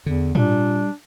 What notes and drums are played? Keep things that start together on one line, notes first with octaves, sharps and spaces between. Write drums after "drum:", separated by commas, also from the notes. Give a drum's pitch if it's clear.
E2 D3
A#2 G3 D4, drum: tom